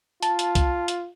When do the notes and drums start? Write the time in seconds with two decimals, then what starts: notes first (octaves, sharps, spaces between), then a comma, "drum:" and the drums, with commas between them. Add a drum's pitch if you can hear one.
0.23 F4 A5, drum: hi-hat
0.39 drum: hi-hat
0.55 drum: kick, hi-hat
0.88 drum: hi-hat